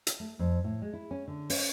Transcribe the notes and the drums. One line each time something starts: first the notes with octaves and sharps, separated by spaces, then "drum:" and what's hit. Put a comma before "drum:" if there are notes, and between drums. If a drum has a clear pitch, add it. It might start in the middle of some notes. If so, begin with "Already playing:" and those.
drum: hi-hat
A3
F2
A2
G#3
E4
C#4
D3
C#4, drum: open hi-hat